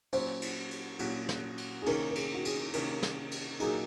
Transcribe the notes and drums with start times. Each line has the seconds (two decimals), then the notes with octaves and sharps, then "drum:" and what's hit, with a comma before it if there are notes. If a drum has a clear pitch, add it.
0.13 A#2 F#3 C#4 F#4 C5, drum: cymbal
0.42 drum: cymbal
0.71 drum: cymbal
0.99 A#2 F#3 C#4 F#4, drum: cymbal
1.29 drum: snare
1.58 drum: cymbal
1.82 G#4
1.86 C3 D#3 A#3 C#4 A#4, drum: cymbal
2.10 A#4
2.15 G#4, drum: cymbal
2.34 F#4
2.45 G#4, drum: cymbal
2.73 C3 D#3 A#3 C#4 A#4, drum: cymbal
3.03 drum: snare
3.31 drum: cymbal
3.60 A#2 F#3 A#3 D#4 G#4, drum: cymbal